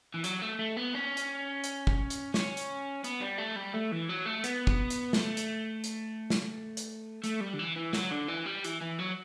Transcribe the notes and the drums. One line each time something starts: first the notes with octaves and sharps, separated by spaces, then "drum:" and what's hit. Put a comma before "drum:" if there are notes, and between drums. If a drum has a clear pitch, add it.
E3
F#3, drum: hi-hat
A3
A3
B3
C#4
drum: hi-hat
drum: hi-hat
drum: kick
drum: hi-hat
C#4, drum: snare
drum: hi-hat
B3, drum: hi-hat
G3
A3
G3
A3
E3
F#3
A3
B3, drum: hi-hat
drum: kick
drum: hi-hat
A3, drum: snare
drum: hi-hat
drum: hi-hat
drum: snare
drum: hi-hat
A3, drum: hi-hat
G3
D3
E3
E3
F#3, drum: snare
D3
E3
G3
E3, drum: hi-hat
E3
F#3